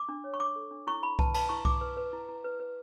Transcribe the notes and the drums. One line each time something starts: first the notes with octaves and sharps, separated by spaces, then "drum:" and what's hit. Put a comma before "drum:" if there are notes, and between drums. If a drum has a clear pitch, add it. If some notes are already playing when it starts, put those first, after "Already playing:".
Already playing: D6
D4
C#5
C#6
D4 D6
A4
D4
E4 C#6
E4 B5
B4 A5, drum: kick C2
B4 A5, drum: cymbal
E4 C#6
E4 D6, drum: kick C2
B4
B4
E4
E4
B4
B4